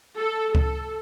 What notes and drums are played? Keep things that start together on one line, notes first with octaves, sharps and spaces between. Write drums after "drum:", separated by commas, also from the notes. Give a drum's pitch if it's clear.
A4
A4, drum: kick C#2